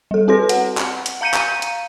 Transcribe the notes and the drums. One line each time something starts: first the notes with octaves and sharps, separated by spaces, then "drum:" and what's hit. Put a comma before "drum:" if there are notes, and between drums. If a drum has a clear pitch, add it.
G3 A4
C4 F#4 A4 B4 C6 A#6
F#5, drum: hi-hat
drum: clap
drum: hi-hat
F5 A#5 G6 C#7 D#7
drum: clap
drum: hi-hat